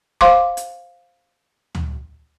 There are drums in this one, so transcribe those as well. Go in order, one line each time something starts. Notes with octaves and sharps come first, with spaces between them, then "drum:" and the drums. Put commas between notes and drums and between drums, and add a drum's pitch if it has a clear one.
C5 F5 C6 D6, drum: kick
drum: hi-hat
drum: tom D2